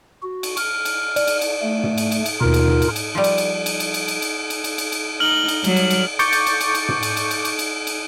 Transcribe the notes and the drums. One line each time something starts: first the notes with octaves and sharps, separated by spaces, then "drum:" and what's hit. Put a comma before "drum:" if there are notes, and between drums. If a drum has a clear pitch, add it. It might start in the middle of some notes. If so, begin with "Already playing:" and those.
F#4
drum: cymbal
F6, drum: cymbal
drum: cymbal
D5, drum: cymbal
drum: cymbal
drum: cymbal
A3
drum: tom
drum: cymbal
drum: cymbal
drum: cymbal
D#2 B2 D#4 F4 A#4
drum: cymbal
drum: tom
drum: cymbal
drum: cymbal
F3 G3
drum: cymbal
drum: cymbal
drum: cymbal
drum: cymbal
drum: cymbal
drum: cymbal
drum: cymbal
drum: cymbal
drum: cymbal
drum: cymbal
drum: cymbal
D#4 F6 F#7 G7
drum: cymbal
F#3 G3, drum: cymbal
drum: cymbal
drum: cymbal
C#6 D6 G6 A6 C#7, drum: cymbal
drum: cymbal
drum: cymbal
drum: cymbal
drum: cymbal
drum: tom
drum: cymbal
drum: cymbal
drum: cymbal
drum: cymbal
drum: cymbal
drum: cymbal